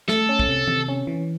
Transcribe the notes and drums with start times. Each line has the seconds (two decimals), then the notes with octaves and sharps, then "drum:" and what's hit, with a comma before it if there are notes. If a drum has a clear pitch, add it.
0.08 A3 A4, drum: snare
0.29 C#4
0.39 drum: kick
0.49 C3
0.68 C3, drum: tom D#3
0.88 C#4
1.07 E3